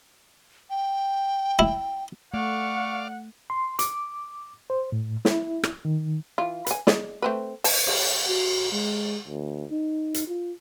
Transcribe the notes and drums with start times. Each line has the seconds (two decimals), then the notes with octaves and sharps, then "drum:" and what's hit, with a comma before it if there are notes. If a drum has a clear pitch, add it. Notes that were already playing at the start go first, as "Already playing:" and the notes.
0.70 G5
1.59 E4
2.34 A3 D5 F5 F#5 C#6
3.50 C6
3.79 D6, drum: hi-hat
4.70 C5
4.92 A2
5.25 E4, drum: snare
5.64 drum: rim click
5.85 D#3
6.38 E3 F4
6.67 B4 G#5, drum: hi-hat
6.87 G#4 D5 D#5, drum: snare
7.22 A3 C4 B4
7.64 A5, drum: open hi-hat
7.87 drum: cymbal
8.28 F#4
8.72 G#3
9.27 D2
9.70 D#4
10.14 drum: hi-hat
10.28 F4